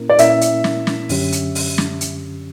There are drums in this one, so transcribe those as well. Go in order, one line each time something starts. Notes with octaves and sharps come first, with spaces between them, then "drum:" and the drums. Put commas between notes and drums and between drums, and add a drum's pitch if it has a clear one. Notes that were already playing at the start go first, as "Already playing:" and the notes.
Already playing: A#2 A#3 C#4 E4 A#4
D5
A#2 A#3 C#4 E4 A#4 E5, drum: hi-hat
drum: hi-hat
drum: snare
drum: snare
F#2 D3 F#3 C#4 G4, drum: open hi-hat
drum: hi-hat
drum: open hi-hat
drum: snare
drum: hi-hat